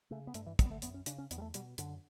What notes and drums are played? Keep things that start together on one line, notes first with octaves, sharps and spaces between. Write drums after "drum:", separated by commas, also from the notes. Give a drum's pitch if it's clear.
C#3 A3
B3
G2 A3, drum: hi-hat
E3
D3 G3, drum: kick, hi-hat
B3
A3
F#2 B3, drum: hi-hat
C#4
C#3 D4, drum: hi-hat
C#4
E2 B3, drum: hi-hat
G3
A3
B2 G3, drum: hi-hat
F#2 D3, drum: hi-hat